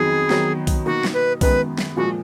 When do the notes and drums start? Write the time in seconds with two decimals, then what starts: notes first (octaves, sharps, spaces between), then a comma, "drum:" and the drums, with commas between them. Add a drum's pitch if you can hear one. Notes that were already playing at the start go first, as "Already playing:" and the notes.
Already playing: F2 D#3 F#3 B3 D#4 G#4
0.30 D#3 F#3 B3 D#4, drum: snare
0.67 drum: kick B1, open hi-hat
0.86 B2 A#3 D#4 F#4
1.04 drum: snare
1.14 B4
1.41 F#2 D#3 G#3 B3 B4, drum: kick B1, open hi-hat
1.78 drum: snare
1.97 A#2 F3 G#3 F#4